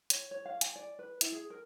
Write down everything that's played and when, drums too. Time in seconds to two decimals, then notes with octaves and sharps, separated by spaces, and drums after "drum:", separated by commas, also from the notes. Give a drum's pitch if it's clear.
0.10 C#5, drum: hi-hat
0.31 C#5
0.46 F5
0.61 G#5, drum: hi-hat
0.76 D5
0.99 B4
1.21 E4, drum: hi-hat
1.32 G#4
1.50 A#4